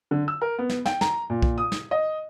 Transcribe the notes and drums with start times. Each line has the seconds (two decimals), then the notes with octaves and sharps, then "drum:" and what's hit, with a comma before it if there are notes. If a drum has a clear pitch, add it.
0.11 D3
0.28 E6
0.41 A#4
0.58 B3
0.69 drum: snare
0.85 G5, drum: snare
1.01 A#5, drum: snare
1.30 A#2
1.42 drum: kick B1
1.58 D#6
1.72 drum: snare
1.91 D#5